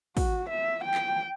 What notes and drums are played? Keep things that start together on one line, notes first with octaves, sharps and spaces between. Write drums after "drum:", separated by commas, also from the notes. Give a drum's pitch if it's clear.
F#4, drum: kick, open hi-hat
E5
G5
drum: clap